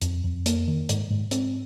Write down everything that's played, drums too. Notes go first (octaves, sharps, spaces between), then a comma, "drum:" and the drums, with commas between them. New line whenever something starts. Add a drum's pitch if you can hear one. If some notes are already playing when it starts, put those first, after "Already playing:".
F2, drum: hi-hat
F2
A#3, drum: hi-hat
D#3
G#2, drum: hi-hat
G#2
C4, drum: hi-hat